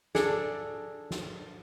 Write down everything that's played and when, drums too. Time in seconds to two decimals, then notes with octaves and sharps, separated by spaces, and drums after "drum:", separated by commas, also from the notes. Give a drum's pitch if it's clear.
0.15 D4 G#4 A4 D5, drum: snare
1.11 drum: snare